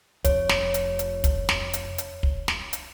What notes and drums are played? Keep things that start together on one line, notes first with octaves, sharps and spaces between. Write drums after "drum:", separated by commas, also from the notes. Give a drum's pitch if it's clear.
F1 C#5, drum: kick, hi-hat
drum: snare
drum: hi-hat
drum: hi-hat
drum: kick, hi-hat
drum: snare
drum: hi-hat
drum: hi-hat
drum: kick
drum: snare
drum: hi-hat